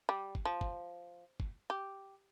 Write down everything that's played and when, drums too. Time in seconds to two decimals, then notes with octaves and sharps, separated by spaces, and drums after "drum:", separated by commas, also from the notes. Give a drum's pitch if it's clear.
0.09 G3
0.35 drum: kick G1
0.45 F3
0.61 drum: kick G1
1.40 drum: kick G1
1.70 G4